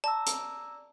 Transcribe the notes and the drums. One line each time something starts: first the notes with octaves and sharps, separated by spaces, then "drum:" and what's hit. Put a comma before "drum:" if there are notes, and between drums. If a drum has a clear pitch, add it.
D5 A5 A#5 E6
drum: hi-hat